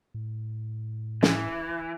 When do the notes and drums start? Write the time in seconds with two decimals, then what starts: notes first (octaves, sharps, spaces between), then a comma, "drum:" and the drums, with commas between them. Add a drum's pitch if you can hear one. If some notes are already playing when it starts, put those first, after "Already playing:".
0.14 A2
1.23 E3, drum: snare